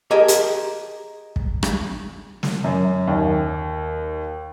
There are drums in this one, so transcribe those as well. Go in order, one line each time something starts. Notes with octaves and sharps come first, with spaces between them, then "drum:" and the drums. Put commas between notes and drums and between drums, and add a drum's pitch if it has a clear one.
G4 G#4 A#4 D#5 A5
drum: hi-hat
drum: kick
drum: rim click
drum: snare
F#2
D#2